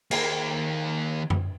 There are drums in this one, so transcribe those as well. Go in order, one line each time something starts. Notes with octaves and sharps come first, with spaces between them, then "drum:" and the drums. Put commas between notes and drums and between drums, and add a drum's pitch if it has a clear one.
D#3 A#3, drum: cymbal
drum: tom F#2